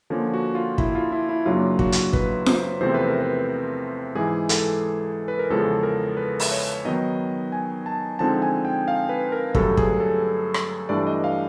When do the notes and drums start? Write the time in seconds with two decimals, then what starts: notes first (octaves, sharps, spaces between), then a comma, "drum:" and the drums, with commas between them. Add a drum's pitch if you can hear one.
0.10 D3 F3 A#3 C#4
0.34 F#4
0.55 F4
0.78 E4, drum: kick
0.95 F4
1.12 E4
1.29 E4
1.46 F#2 C#3 F#3 A#3 D4 F4
1.79 F#4, drum: kick
1.92 drum: hi-hat
2.13 B4, drum: kick
2.46 C5, drum: snare F4
2.80 E2 C3 F3 A3 C4 C5
2.94 B4
3.07 A#4
3.21 B4
4.15 G#2 E3 G#3 G#4
4.49 A4, drum: hi-hat
5.28 B4
5.39 A#4
5.50 E2 C#3 F3 G#3 A4
5.83 A#4
6.17 B4
6.40 drum: open hi-hat
6.52 C#5
6.85 D#3 F#3 B3 D#4 D#5
7.52 G#5
7.86 A5
8.19 D3 F3 G#3 C4 D#4 A5
8.42 G#5
8.65 G5
8.88 F5
9.09 B4
9.32 A#4
9.55 G2 D3 F#3 A3 C#4 A4, drum: kick
9.77 G#4, drum: kick
10.00 A4
10.54 drum: rim click
10.89 G2 E3 A3 D4 D5
11.07 D#5
11.24 F5